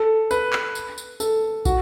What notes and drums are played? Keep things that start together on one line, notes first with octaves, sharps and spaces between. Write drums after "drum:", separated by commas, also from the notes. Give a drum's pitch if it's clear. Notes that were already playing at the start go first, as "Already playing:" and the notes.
Already playing: A4
B4, drum: tambourine
drum: clap
drum: tambourine
drum: tambourine
A4, drum: tambourine
F#4, drum: kick, tambourine